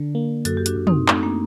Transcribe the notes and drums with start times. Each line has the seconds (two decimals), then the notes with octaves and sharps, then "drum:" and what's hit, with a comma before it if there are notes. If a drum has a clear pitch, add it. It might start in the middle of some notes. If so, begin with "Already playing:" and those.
Already playing: D3 D4
0.15 A#3
0.45 F#2 F#4 A4, drum: hi-hat
0.57 G4
0.66 D4 F#4, drum: hi-hat
0.76 F#2
0.87 C4 D#4, drum: tom
1.08 A3 C4 D#4, drum: clap
1.23 A#3 D4